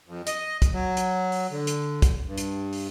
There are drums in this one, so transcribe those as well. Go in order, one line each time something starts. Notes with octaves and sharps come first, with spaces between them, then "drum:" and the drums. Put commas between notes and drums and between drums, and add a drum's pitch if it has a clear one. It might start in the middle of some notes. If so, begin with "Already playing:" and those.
F2
D#5, drum: hi-hat
drum: kick, hi-hat
F#3
drum: hi-hat
drum: open hi-hat
D3
drum: hi-hat
drum: kick, hi-hat
G2
drum: hi-hat
drum: open hi-hat